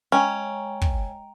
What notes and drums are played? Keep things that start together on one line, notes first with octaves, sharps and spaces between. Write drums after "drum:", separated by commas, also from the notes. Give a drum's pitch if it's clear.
G#3 C#4 G5 A#5
drum: kick